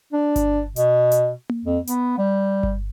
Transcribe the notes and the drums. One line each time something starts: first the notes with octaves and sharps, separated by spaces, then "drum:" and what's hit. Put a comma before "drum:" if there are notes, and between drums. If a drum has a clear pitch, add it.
D4
drum: kick G1, hi-hat
B2, drum: hi-hat
drum: hi-hat
drum: tom A#3
F2
B3, drum: hi-hat
G3
drum: kick G1